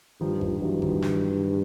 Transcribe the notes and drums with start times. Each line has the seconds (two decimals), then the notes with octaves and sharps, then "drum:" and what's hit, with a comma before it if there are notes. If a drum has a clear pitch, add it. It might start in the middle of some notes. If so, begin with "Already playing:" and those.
0.21 G2 D#3 F3
0.41 D#3 F3, drum: kick G1
0.61 G2 E3 F#3
0.82 D#3 F3, drum: kick G1
1.02 drum: snare